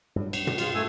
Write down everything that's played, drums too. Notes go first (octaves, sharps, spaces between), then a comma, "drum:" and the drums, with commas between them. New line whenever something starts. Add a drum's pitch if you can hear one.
G2 F#3
drum: cymbal
drum: tom
G#3 F4, drum: cymbal
A3 G#5 E6